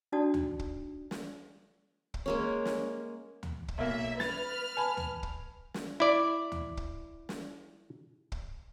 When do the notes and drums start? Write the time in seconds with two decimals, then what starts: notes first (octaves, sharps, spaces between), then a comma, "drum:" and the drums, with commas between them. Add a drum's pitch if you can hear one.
0.12 D4 D#4 F#4 D5 A5 D#6
0.34 drum: tom D2
0.59 drum: kick
1.11 drum: snare
2.14 drum: kick
2.26 G#3 A#3 C#4
2.65 drum: snare
3.43 drum: tom D2
3.68 drum: kick
3.78 B1 A#3 E5
4.20 B4 F6 A6, drum: snare
4.77 G#5 A5 B5
4.97 drum: tom D2
5.23 drum: kick
5.74 drum: snare
6.00 E4 D5
6.52 drum: tom D2
6.77 drum: kick
7.29 drum: snare
8.32 drum: kick